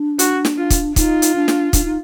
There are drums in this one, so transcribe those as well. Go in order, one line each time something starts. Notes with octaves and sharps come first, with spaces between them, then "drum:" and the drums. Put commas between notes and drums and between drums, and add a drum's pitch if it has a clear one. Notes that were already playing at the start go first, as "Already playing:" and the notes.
Already playing: D4
F#4, drum: hi-hat
drum: snare
F4
drum: kick, hi-hat
D#4 F4, drum: kick, hi-hat
drum: hi-hat
D4
drum: snare
D4, drum: kick, hi-hat
D#4